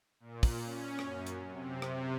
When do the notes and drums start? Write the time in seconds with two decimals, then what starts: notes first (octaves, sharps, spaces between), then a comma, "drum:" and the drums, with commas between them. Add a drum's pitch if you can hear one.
0.20 A#2
0.43 drum: kick, open hi-hat
0.64 C#4
0.99 F#2, drum: rim click
1.27 drum: hi-hat
1.50 C3
1.82 C3, drum: rim click